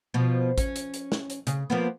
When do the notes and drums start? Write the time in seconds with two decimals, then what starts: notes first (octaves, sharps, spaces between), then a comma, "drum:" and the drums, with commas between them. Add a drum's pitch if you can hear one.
0.14 B2 F3
0.58 C#4, drum: kick, hi-hat
0.76 drum: hi-hat
0.94 drum: hi-hat
1.12 drum: snare
1.30 drum: hi-hat
1.47 C#3, drum: hi-hat
1.70 F3 A#3 B3